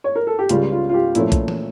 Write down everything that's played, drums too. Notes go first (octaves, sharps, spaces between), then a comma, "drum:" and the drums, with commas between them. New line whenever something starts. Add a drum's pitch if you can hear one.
C#5
A#4
A4
G4
C#2 C#3 G3 F4, drum: hi-hat
F4
F4
G4
A#2 F3 A3 C#4 E4, drum: hi-hat
drum: kick B1, hi-hat
drum: tom